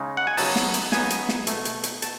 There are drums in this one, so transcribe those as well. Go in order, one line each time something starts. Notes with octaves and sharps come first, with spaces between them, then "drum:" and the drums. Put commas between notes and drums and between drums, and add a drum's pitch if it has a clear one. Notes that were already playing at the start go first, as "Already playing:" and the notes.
Already playing: C#3 G#3 D#4
F#5
G#5
C#3 F#3 B3 D#4 A5, drum: open hi-hat
drum: snare
drum: hi-hat
C#3 F#3 B3 D#4 G#5, drum: snare
drum: hi-hat
drum: snare
B2 A3 D#4, drum: hi-hat
drum: hi-hat
drum: hi-hat
B2 A3 A5, drum: hi-hat